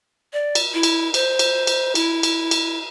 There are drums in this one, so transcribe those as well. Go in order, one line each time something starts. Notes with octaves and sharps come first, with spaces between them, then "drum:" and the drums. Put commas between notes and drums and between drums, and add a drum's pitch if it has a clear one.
D5
drum: cymbal
E4
drum: cymbal
C5, drum: cymbal
drum: cymbal
drum: cymbal
E4, drum: cymbal
drum: cymbal
drum: cymbal